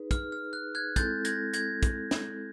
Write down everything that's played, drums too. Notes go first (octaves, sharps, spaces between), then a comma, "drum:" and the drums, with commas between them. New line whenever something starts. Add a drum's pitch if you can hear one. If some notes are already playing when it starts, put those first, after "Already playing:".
Already playing: D#4 G#4 B4
F6, drum: kick, hi-hat
F6
F#6
F#6 G#6
G#3 C4 E4 A4 G6 A6, drum: kick, hi-hat
G#6 A#6, drum: hi-hat
G#6 A#6, drum: hi-hat
drum: kick, hi-hat
drum: snare